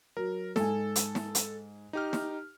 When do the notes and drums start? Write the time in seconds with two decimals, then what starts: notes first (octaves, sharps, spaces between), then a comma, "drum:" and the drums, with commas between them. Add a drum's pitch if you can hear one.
0.17 F#3 A#4
0.56 G#2 A4 G#5, drum: snare
0.96 drum: hi-hat
1.15 drum: snare
1.35 drum: hi-hat
1.93 D#4 G4 F6
2.13 drum: snare